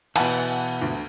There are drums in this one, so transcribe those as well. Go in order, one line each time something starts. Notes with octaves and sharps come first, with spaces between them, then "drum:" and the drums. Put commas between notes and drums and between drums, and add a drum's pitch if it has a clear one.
B2 E3 F#5 G#5 A5, drum: cymbal
D2